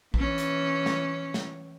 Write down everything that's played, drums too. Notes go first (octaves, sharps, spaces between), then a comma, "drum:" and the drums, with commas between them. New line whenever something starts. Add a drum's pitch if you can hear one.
E3 C#4, drum: kick
drum: hi-hat
drum: snare
drum: snare